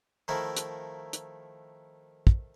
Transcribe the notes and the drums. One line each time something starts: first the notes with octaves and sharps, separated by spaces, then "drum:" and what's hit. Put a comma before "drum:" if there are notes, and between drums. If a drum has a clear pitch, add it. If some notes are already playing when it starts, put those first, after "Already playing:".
D#3 F3 A3 E4 A#4
drum: hi-hat
drum: hi-hat
drum: kick